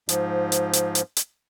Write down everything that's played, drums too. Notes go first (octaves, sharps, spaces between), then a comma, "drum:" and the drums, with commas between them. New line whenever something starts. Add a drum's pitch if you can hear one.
G#2 F3, drum: hi-hat
drum: hi-hat
drum: hi-hat
drum: hi-hat
drum: hi-hat